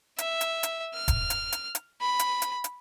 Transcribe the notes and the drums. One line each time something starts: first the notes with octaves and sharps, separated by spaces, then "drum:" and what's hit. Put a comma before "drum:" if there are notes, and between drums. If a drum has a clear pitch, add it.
E5, drum: hi-hat
drum: hi-hat
drum: hi-hat
F6
drum: kick, hi-hat
drum: hi-hat
drum: hi-hat
drum: hi-hat
B5
drum: hi-hat
drum: hi-hat
drum: hi-hat